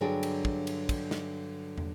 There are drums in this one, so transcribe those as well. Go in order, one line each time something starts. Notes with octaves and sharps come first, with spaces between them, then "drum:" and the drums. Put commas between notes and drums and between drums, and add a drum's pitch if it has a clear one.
G2 D3 F#3 D4 G#4 G5
drum: cymbal
drum: kick
drum: cymbal
drum: kick, cymbal
drum: snare
drum: tom